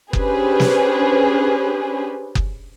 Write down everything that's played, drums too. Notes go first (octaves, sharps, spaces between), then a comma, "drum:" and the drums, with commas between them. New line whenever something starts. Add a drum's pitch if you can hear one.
C#4 D4 G4 G#4 B4 C5, drum: kick F#1
drum: snare
drum: kick F#1